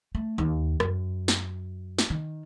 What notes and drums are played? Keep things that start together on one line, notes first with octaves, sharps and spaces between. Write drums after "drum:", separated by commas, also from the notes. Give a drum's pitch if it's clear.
A3
D#2
F#2, drum: rim click
drum: snare
drum: snare
D#3